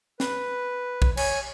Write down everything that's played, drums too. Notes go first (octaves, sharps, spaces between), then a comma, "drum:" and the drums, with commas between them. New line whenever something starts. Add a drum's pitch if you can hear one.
B4, drum: snare
drum: kick A#1
C#5 G#5, drum: cymbal